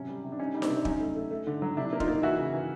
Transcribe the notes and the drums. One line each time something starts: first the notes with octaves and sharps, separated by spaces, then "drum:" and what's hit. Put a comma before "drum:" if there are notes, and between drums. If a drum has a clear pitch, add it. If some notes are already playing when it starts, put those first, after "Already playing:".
Already playing: C3 F#3 C#4
G3
C3
D4
G3 C#4 D#4
G3 D#4
C4 D4, drum: snare D#4
C3
F#3 C#4 D#4, drum: kick
A3
A3
A3
D3
F#3
C3 D4 E4
A#3
D#4 F4, drum: kick
A#3
E3 E4 F#4
C#3
E3